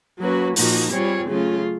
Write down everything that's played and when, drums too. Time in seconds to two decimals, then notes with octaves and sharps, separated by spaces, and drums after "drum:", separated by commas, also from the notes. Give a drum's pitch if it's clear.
0.19 F#3 A#3 C#4 F#4 B4
0.56 A#2 F3 A#3 D#4 F#4, drum: open hi-hat
0.91 G3 C4 F4 G#4 C#5
1.27 C#3 F#3 A3 C#4 F4